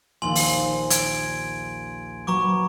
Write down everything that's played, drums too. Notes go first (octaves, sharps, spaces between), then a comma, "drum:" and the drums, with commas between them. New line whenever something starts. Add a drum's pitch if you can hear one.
A#1 D#2 G#5 C6 F#7
drum: open hi-hat
G#6 D7, drum: hi-hat
F#3 B4 A#5 C#6 D6